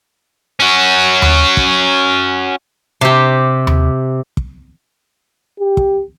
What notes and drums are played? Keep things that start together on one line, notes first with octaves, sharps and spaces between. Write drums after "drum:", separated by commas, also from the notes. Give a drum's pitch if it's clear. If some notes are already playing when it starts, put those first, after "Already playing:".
C#4 F#4
drum: tom D#2
drum: kick
C3 G4
drum: tom D#2
drum: kick
G4
drum: kick